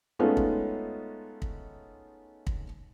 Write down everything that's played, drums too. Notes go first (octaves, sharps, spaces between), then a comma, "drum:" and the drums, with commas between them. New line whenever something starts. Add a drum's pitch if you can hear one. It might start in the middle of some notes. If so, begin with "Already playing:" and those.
G#3 A3 B3 C#4 D#4 F4
drum: kick
drum: kick
drum: kick